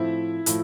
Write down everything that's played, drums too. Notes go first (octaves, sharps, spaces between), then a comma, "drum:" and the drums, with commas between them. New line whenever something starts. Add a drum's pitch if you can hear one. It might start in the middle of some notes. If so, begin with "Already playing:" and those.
Already playing: A2 F3 C4 E4 E5
A2 F3, drum: hi-hat